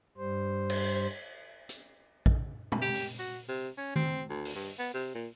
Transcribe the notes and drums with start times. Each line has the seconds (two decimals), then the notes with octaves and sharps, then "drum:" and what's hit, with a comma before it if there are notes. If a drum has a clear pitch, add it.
0.17 G2 G3 C5
0.70 drum: cymbal
1.69 drum: hi-hat
2.26 drum: kick
2.72 drum: tom
2.82 G4
2.94 drum: open hi-hat
3.19 F#4
3.48 C3
3.78 C#4
3.96 C4, drum: tom D#3
4.29 D2
4.45 drum: open hi-hat
4.55 G2
4.79 B3
4.94 C3
5.15 A#2